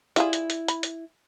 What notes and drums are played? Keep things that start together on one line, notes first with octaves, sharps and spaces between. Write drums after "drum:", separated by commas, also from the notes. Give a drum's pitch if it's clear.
G3 E4 F4 G#4, drum: hi-hat
drum: hi-hat
drum: hi-hat
B5, drum: hi-hat
drum: hi-hat